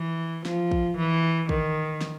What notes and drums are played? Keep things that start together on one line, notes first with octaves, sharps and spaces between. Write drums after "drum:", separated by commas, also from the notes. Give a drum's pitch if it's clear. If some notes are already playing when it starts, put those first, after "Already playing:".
Already playing: E3
F3, drum: snare
drum: kick
E3
D#3, drum: kick
drum: snare